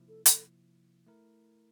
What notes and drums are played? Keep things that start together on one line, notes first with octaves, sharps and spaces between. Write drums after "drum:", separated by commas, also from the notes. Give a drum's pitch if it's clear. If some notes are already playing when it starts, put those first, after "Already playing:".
Already playing: C3 F3 A#3 E4
A4
A4, drum: hi-hat
A3 E4 A#4